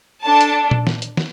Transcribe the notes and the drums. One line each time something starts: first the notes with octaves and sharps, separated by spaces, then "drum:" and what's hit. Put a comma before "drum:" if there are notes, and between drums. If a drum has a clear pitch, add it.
D4 A4 A5
drum: hi-hat
drum: tom A#2
drum: snare
drum: hi-hat
drum: snare